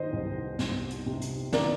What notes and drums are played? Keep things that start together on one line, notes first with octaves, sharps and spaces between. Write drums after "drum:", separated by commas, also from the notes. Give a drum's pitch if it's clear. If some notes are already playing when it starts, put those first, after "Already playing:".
Already playing: D#3 C5 D#5
C2
C2, drum: snare
drum: hi-hat
C3
drum: hi-hat
D#3 A#4 D5, drum: snare